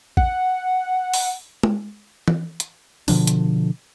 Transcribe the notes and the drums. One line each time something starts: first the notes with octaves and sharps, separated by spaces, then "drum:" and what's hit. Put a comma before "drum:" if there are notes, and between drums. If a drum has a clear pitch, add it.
F#5, drum: kick
drum: open hi-hat
drum: tom G#3
drum: tom E3
drum: hi-hat
B2 D3 F3 D4, drum: open hi-hat
drum: hi-hat